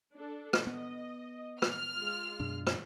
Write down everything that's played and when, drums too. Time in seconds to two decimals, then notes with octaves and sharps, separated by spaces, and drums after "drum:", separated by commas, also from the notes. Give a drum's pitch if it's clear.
0.16 D4 A4
0.53 drum: rim click
0.67 B3 D#5
1.62 F6, drum: rim click
1.96 G#3 F4
2.40 F#2 B2 D4
2.67 drum: rim click